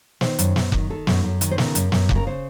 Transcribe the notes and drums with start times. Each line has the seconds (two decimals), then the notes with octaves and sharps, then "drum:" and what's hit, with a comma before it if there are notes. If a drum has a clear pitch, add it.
0.21 D#3 C5, drum: snare
0.39 F#2, drum: hi-hat
0.56 F#2, drum: snare
0.72 D#3, drum: kick F1
0.90 D#3 A4
1.07 F#2, drum: snare
1.24 F#2
1.41 D#3, drum: hi-hat
1.51 C5
1.58 C#3 A#4, drum: snare
1.75 F#2, drum: hi-hat
1.92 F#2, drum: snare
2.09 C#3, drum: kick F1
2.16 A#4
2.27 C#3 C5